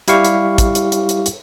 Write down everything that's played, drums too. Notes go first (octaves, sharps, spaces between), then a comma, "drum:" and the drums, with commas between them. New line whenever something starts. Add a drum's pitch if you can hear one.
G3 E4 G4 F5 C#6, drum: hi-hat
drum: hi-hat
drum: kick, hi-hat
drum: hi-hat
drum: hi-hat
drum: hi-hat
drum: hi-hat